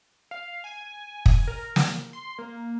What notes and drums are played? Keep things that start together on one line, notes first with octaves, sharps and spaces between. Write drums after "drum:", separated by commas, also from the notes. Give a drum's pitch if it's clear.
F5
G#5
drum: kick
A#4
drum: snare
C6
A#3